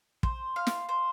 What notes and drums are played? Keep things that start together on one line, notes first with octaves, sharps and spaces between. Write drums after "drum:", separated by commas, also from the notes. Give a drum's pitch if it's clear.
C5, drum: kick
F5
drum: snare
C5